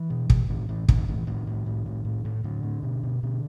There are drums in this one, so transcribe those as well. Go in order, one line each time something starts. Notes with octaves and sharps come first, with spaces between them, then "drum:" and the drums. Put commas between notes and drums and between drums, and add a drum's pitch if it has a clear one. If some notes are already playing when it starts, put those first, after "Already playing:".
Already playing: E3
B2
B2, drum: kick
A2 D#3
A2 E3
A2 D3, drum: kick
D#3
A2 D#3
E3
A2 D#3
A2
A2
A2
A2
A2
A2 D3
A2
B2
B2
B2 D3